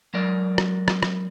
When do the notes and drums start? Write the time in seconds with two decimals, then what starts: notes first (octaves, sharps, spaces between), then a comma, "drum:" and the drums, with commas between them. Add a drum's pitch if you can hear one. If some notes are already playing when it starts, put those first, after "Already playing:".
0.14 F#3 G#3 A#4 D5
0.58 drum: rim click
0.88 drum: rim click
1.03 drum: rim click